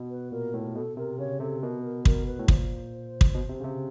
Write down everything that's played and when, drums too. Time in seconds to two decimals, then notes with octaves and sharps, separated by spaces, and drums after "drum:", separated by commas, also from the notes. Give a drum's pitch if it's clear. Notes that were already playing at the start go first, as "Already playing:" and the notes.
Already playing: B2
0.10 B4
0.31 A#2 A#4
0.54 A2
0.75 B2 A4
0.97 C3 A#4
1.18 C#3 C#5
1.40 C3 A4
1.61 B2 A#4
1.83 A#4
2.05 A#4, drum: kick
2.27 B4
2.39 A2
2.48 A#2 C5, drum: kick
3.21 drum: kick
3.35 B2
3.49 C3
3.60 C#3
3.64 C3